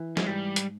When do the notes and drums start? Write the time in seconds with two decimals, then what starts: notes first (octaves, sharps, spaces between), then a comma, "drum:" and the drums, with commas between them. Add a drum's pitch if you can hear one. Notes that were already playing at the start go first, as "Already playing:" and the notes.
Already playing: E3
0.17 G#3, drum: snare
0.27 G#2 G3
0.56 drum: hi-hat